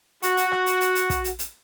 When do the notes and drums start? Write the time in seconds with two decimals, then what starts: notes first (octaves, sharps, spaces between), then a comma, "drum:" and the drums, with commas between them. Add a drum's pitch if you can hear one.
0.23 F#4, drum: hi-hat
0.37 drum: hi-hat
0.52 drum: rim click
0.66 drum: hi-hat
0.81 drum: hi-hat
0.95 drum: hi-hat
1.10 drum: kick, hi-hat
1.24 drum: hi-hat
1.39 drum: hi-hat